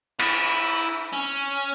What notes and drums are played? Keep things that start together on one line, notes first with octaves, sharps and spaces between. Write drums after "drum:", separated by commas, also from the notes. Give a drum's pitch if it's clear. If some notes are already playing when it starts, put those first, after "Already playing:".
E4, drum: cymbal
C#4